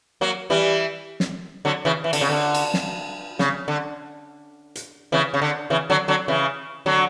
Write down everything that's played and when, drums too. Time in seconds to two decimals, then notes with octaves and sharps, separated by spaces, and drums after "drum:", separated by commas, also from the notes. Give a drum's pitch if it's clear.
0.21 F#3 A#3
0.50 E3 G3
1.20 drum: snare
1.65 D3 F#3
1.85 C#3 E3
2.04 E3
2.13 D3, drum: cymbal
2.21 C#3
2.30 D3
2.55 drum: cymbal
2.74 drum: snare
3.39 C#3, drum: snare
3.68 D3
4.75 drum: hi-hat
5.12 C#3 E3
5.34 C#3
5.42 D3
5.70 C#3 E3
5.90 D3 F#3
6.08 D3 F#3
6.28 C#3 E3
6.86 D3 F#3